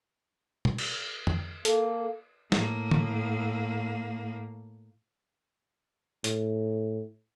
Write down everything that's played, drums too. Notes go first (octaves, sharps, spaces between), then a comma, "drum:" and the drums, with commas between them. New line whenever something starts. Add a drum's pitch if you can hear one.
drum: tom B2
drum: cymbal
drum: tom F2
A#3 A4, drum: hi-hat
A2 A#3, drum: snare
drum: tom D3
A2, drum: hi-hat